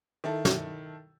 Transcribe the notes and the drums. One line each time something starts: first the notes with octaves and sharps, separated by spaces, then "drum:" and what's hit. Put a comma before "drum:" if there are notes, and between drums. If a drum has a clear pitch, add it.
D#3 E4 A4
drum: snare